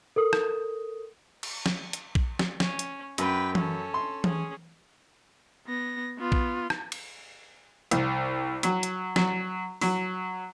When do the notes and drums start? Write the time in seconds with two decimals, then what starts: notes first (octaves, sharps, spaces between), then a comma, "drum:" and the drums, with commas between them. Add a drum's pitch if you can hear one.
0.16 A4 A#4 D#6
0.33 drum: rim click
1.43 drum: cymbal
1.66 drum: snare
1.93 drum: hi-hat
2.15 drum: kick
2.39 drum: snare
2.60 C#4, drum: snare
2.79 drum: hi-hat
3.18 F#2 B4 G5, drum: hi-hat
3.55 C#4 A4, drum: tom E3
3.94 C6
4.24 C#4 G#4, drum: tom E3
5.67 B3 A#6
6.18 B3 F4
6.32 drum: kick
6.70 drum: rim click
6.92 drum: cymbal
7.91 C2, drum: hi-hat
8.63 F#3, drum: hi-hat
8.83 drum: hi-hat
9.16 F#3, drum: snare
9.81 F#3, drum: open hi-hat